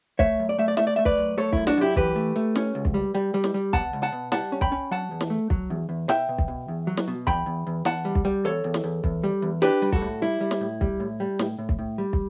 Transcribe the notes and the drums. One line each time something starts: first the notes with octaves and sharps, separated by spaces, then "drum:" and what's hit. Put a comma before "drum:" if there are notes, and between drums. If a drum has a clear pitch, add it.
A3 C#5 E5, drum: kick
F#2
D5
A3 E5
D5
A3 E5, drum: snare
D5
A3 E5
B4 D5, drum: kick
F#2
A3 A4 C#5
F#2 E4, drum: kick
D4 F#4, drum: snare
F#2 E4 G4
E3 G4 B4, drum: kick
A3
A3
C#4, drum: snare
C#2
drum: kick
G3
G3
G3
drum: snare
G3
B2 F#5 A5, drum: kick
C#2
F#5 A5
B2
G3 F#5 A5, drum: snare
C#4
G5 B5, drum: kick
C#4
F#3 F#5 A5
E2
drum: snare
A3
F#3, drum: kick
E2
E2
B2 E5 G5, drum: snare
B2
drum: kick
B2
E2
F#3
drum: snare
B2
E2 G5 B5, drum: kick
E2
E2
E2 F#5 A5, drum: snare
G3
drum: kick
G3
E2 A4 C#5
E2
drum: snare
E2
E2, drum: kick
G3
E2
D4 G4 B4, drum: snare
G3
F#4 A4, drum: kick
A2
G3 E4
G3
drum: snare
A2
G3, drum: kick
A2
G3
A2, drum: snare
A2
drum: kick
A2
G3
drum: kick